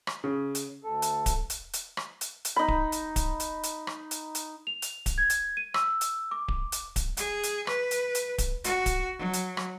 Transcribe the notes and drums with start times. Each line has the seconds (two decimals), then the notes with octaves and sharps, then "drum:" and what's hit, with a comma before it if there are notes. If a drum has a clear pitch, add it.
0.07 drum: rim click
0.24 C#3
0.55 drum: hi-hat
0.84 D2 A4
1.02 drum: hi-hat
1.26 drum: kick D1, hi-hat
1.50 drum: hi-hat
1.73 drum: hi-hat
1.97 drum: rim click
2.21 drum: hi-hat
2.45 drum: hi-hat
2.56 D#4 B5
2.68 drum: kick D1
2.92 drum: hi-hat
3.16 drum: kick D1, hi-hat
3.40 drum: hi-hat
3.63 drum: hi-hat
3.87 drum: rim click
4.11 drum: hi-hat
4.35 drum: hi-hat
4.67 F7
4.82 drum: hi-hat
5.06 drum: kick D1, hi-hat
5.18 G#6
5.30 drum: hi-hat
5.57 D#7
5.74 E6, drum: rim click
6.01 drum: hi-hat
6.31 D6
6.48 drum: kick D1
6.72 drum: hi-hat
6.96 drum: kick D1, hi-hat
7.17 G#4, drum: hi-hat
7.43 drum: hi-hat
7.67 B4, drum: rim click
7.91 drum: hi-hat
8.15 drum: hi-hat
8.38 drum: kick D1, hi-hat
8.64 F#4, drum: hi-hat
8.86 drum: kick D1, hi-hat
9.18 F#3
9.33 drum: hi-hat
9.57 drum: rim click